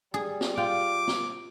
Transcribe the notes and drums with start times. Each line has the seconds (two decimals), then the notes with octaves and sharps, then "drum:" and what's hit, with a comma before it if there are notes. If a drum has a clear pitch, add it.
0.14 G3 G#4
0.41 drum: snare
0.57 F4 F5 G5 D6
1.08 drum: snare